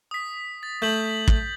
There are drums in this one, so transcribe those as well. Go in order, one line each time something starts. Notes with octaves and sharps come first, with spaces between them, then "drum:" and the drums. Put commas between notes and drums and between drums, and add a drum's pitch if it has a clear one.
D#6 B6
A6
A3 G6 B6 F#7
drum: kick